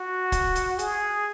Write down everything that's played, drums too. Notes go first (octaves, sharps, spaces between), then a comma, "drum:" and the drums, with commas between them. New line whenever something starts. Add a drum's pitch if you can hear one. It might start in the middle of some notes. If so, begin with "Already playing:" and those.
Already playing: F#4
drum: kick, hi-hat
drum: hi-hat
G#4, drum: hi-hat